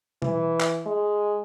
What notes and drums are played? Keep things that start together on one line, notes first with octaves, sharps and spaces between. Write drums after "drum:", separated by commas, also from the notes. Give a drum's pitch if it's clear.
E3, drum: tom B2
drum: clap
G#3